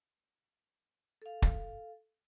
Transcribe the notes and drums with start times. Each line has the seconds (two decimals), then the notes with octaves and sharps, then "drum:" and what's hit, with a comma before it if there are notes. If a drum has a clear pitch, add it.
1.22 A4 F5
1.42 drum: kick